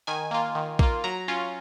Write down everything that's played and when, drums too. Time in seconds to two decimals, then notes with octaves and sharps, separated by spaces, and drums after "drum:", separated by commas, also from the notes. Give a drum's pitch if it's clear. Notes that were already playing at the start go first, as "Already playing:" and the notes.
0.07 D#3 G#5
0.31 A#3 F4
0.55 D#3
0.79 A#3 F4, drum: kick A#1
1.04 F#3 A#5
1.28 C#4 F4